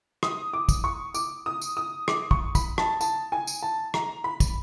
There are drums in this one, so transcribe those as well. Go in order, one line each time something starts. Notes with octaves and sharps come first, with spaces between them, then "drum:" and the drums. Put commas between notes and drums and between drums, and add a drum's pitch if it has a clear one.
D#6, drum: rim click
D6
drum: kick, tambourine
C#6
D6, drum: tambourine
D#6
drum: tambourine
D#6
D6, drum: rim click
C#6, drum: kick
B5, drum: kick, tambourine
A5, drum: rim click
A5, drum: tambourine
G#5
drum: tambourine
A5
A#5, drum: rim click
B5
drum: kick, tambourine